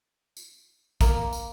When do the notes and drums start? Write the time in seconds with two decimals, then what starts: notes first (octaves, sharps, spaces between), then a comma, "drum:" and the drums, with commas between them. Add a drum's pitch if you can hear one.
0.37 drum: tambourine
1.01 A#3, drum: kick, tambourine
1.33 drum: tambourine